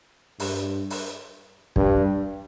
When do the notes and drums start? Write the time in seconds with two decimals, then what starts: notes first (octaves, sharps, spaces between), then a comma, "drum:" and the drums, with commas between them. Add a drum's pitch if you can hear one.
0.40 G2, drum: open hi-hat
0.90 drum: open hi-hat
1.76 G2, drum: kick